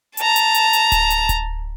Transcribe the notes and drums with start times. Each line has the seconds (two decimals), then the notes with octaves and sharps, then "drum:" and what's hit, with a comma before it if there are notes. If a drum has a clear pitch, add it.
0.17 A5 A#5, drum: hi-hat
0.36 drum: hi-hat
0.54 drum: hi-hat
0.73 drum: hi-hat
0.92 drum: kick D1, hi-hat
1.10 drum: hi-hat
1.29 drum: kick D1, hi-hat